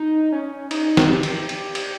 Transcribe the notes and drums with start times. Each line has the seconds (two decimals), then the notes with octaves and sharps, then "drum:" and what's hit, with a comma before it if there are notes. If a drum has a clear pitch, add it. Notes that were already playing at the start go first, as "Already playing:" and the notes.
Already playing: D#4
0.32 C#4
0.71 D#4, drum: cymbal
0.97 drum: snare
1.10 G4
1.23 drum: cymbal
1.49 drum: cymbal
1.75 drum: cymbal